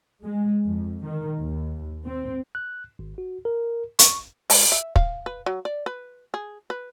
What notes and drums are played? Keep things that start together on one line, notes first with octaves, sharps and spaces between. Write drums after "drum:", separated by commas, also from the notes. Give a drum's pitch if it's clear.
G#3
F2
D#3
D#2
C4
F#6
G#1
F#4
A#4
C#6, drum: hi-hat
G#3, drum: open hi-hat
E5
F5, drum: kick
B4
F#3
D5
B4
G#4
B4